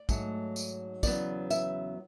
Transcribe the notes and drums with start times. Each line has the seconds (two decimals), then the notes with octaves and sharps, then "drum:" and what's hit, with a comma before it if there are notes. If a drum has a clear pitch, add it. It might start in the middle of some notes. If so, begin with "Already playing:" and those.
Already playing: D5
0.09 G#2 F#3 A3, drum: kick, tambourine
0.56 drum: tambourine
1.03 E2 C#3 F#3 B3 D5, drum: kick, tambourine
1.50 E5, drum: tambourine